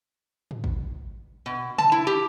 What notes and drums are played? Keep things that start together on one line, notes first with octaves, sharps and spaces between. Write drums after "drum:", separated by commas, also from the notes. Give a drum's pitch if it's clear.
drum: tom
drum: kick
B2
A5, drum: tom
E4
G4